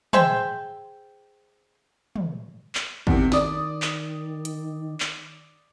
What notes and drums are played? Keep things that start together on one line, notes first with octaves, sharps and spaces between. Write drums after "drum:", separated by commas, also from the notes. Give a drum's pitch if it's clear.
G#4 C5 E5 G5, drum: tom
drum: tom
drum: clap
E2 C3 D#3, drum: kick
D5 D#6, drum: snare
drum: clap
drum: hi-hat
drum: clap